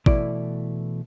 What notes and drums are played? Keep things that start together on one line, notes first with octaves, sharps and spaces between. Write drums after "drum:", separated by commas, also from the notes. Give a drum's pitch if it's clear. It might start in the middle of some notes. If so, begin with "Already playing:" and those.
B2 E3 A3 E4 D5, drum: kick G#1